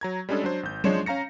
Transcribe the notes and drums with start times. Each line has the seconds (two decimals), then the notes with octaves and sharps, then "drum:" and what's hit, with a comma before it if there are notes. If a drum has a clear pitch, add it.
0.01 F#3 A#5 G#6
0.29 G3 G#3 C#4 D4 G#4 A4
0.43 F#3 D4 C5
0.63 G#1 G6
0.84 F3 G#3 D4 C#5 C6 E7, drum: tom F#3
1.06 C#4 F5 A#5 A#6 C#7